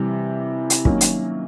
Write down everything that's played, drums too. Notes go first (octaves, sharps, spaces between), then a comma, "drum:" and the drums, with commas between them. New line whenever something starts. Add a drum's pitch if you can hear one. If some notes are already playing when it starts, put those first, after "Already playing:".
Already playing: C3 E3 G3
drum: hi-hat
D#3 F#3 A#3 C#4, drum: kick
drum: hi-hat